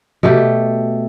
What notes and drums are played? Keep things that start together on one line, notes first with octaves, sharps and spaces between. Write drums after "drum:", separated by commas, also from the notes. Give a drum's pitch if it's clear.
B2 A3 G4, drum: tom B2